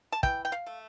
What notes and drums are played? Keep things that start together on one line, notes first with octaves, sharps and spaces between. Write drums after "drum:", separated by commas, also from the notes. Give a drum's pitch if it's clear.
A5
E3 G5, drum: kick
G5
F5
A3